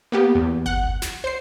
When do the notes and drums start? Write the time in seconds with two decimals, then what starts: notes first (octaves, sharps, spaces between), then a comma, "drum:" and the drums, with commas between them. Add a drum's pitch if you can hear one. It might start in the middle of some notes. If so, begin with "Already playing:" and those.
0.12 A#3 B3 G4
0.35 E2
0.66 F#5 F#6, drum: kick G1
0.84 drum: tom C#2
1.02 drum: snare
1.24 C5 C7